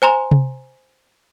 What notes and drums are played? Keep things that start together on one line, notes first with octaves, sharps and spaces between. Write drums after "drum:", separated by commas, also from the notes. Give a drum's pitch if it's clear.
C5 G#5 A#5 C6
drum: tom C3